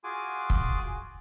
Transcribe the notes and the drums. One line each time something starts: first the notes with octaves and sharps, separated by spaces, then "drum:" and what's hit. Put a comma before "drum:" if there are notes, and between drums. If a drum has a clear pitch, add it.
F4 F#4 G#4 G#5 D6
drum: kick